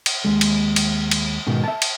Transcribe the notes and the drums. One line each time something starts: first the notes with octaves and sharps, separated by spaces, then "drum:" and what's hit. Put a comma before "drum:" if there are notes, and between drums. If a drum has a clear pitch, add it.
drum: cymbal
D#2 G#3
drum: cymbal
drum: cymbal
drum: cymbal
G#2 B2 D#3
E5 A5
drum: cymbal